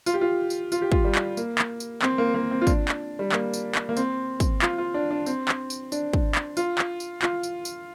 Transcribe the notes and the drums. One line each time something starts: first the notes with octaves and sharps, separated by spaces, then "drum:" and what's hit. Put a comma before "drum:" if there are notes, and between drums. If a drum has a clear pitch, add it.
F4, drum: tambourine
G4
F4
drum: tambourine
F4, drum: tambourine
G4
F4, drum: kick
G3
drum: clap
A#3, drum: tambourine
drum: clap
drum: tambourine
C4, drum: clap
A#3
A#3
C4
F4
D4, drum: kick, tambourine
drum: clap
G3
A#3, drum: clap
drum: tambourine
drum: clap
A#3
C4, drum: tambourine
drum: kick, tambourine
F4, drum: clap
F4
D4
D4
C4, drum: tambourine
drum: clap
drum: tambourine
D4, drum: tambourine
drum: kick
drum: clap
F4, drum: tambourine
drum: clap
drum: tambourine
F4, drum: clap
drum: tambourine
drum: tambourine